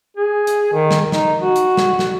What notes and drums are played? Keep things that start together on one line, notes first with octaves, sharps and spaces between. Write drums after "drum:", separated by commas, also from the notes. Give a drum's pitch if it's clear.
G#4
drum: hi-hat
D#3
drum: snare
D#4, drum: snare
F#4
drum: hi-hat
drum: snare
drum: snare